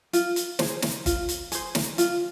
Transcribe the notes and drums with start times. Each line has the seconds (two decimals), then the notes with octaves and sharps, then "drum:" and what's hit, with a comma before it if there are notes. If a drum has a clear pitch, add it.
0.13 F4, drum: hi-hat
0.36 drum: hi-hat
0.59 G#4 C5, drum: snare
0.82 drum: snare
1.06 F4, drum: kick G1, hi-hat
1.29 drum: hi-hat
1.52 G#4 C5, drum: hi-hat
1.75 drum: snare
1.98 F4, drum: hi-hat